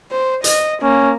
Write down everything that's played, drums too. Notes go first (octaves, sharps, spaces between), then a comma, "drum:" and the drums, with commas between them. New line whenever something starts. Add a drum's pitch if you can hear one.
C5
D#5, drum: hi-hat
A#3 C#4